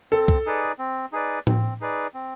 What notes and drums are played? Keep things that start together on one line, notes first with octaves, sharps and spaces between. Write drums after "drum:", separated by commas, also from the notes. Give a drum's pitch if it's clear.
C4 A4
drum: kick C2
D#4 G#4 B4 D5
C4
D#4 G#4 B4 D5
C4, drum: tom A2
D#4 G#4 B4 D5
C4